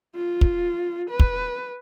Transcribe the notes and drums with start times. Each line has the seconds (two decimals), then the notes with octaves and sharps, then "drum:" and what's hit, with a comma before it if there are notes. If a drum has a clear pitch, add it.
0.15 F4
0.41 drum: kick
1.10 B4
1.20 drum: kick